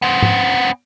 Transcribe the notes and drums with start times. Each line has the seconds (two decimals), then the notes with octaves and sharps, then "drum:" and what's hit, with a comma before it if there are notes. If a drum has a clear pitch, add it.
0.02 B3 C4
0.22 drum: tom G#2